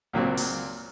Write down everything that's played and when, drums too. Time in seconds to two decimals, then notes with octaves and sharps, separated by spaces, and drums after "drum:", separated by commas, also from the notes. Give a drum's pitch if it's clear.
0.13 C#2 A#2 F#3 C4
0.38 drum: open hi-hat